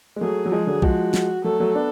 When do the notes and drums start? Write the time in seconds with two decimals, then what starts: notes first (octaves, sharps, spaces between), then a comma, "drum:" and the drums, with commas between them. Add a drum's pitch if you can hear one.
0.16 G#3
0.21 F#3 A3 G#4
0.46 F#3
0.51 F3 G#3 G#4
0.67 D3 F#3
0.82 F3 G#3 F#4, drum: kick B1
1.14 drum: snare
1.44 F#3 A3 A4
1.60 F#3 A3
1.75 B3 D4